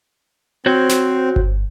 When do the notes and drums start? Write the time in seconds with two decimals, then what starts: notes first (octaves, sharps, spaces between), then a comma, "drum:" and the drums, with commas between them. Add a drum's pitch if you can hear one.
0.66 C4 F#4 C5 C#5
0.89 drum: snare
1.36 drum: kick G1